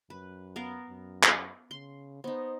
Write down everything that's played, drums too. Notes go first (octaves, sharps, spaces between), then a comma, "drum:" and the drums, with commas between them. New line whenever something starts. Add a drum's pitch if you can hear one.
F#2 B4
B3 A#4 F5
F#2
drum: clap
C#3 C6
B3 D#4 C5